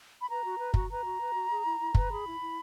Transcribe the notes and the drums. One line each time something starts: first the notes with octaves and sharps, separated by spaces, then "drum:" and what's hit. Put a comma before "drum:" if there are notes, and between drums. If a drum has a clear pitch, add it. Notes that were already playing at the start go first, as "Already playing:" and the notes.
B5
B4 A#5
F#4
B4
F#4, drum: kick F#1
B4 A#5
F#4
B4
F#4
G#4
E4
E4
B4, drum: kick F#1
G#4 B5
E4
E4